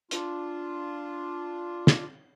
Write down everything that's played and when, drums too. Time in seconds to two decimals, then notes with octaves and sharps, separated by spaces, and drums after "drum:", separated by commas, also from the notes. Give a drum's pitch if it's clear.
0.11 D4 F4, drum: hi-hat
1.87 drum: snare